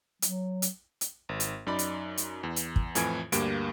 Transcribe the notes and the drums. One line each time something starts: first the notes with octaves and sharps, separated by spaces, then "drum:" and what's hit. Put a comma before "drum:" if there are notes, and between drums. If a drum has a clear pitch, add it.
F#3, drum: hi-hat
drum: hi-hat
drum: hi-hat
G#1
drum: hi-hat
F#2 D#4 D5 B5
drum: hi-hat
drum: hi-hat
E2
drum: hi-hat
drum: kick
F2 A2 E3 G#5 G#6 D7, drum: hi-hat
D2 G2 A#3 G4 D7, drum: hi-hat